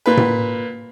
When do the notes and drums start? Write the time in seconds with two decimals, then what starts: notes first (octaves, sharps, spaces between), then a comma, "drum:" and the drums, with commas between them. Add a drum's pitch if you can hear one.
0.06 A#2 B4
0.17 drum: tom A2